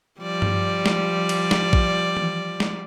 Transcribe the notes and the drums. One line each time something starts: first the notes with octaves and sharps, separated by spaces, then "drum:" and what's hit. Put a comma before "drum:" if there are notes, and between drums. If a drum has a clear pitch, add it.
F3 G3 D5
drum: tom G2
drum: snare
drum: cymbal
drum: snare
drum: kick A1
drum: tom E3
drum: snare